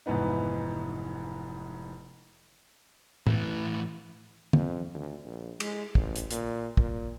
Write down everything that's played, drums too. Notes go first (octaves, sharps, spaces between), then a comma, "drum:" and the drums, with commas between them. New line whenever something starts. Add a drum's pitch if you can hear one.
F1 G#2 E3 B3 D#4
A2 E3, drum: tom A2
F2, drum: tom
D2
A#1
G#3, drum: cymbal
A1, drum: kick
drum: hi-hat
A#2, drum: hi-hat
A#2, drum: kick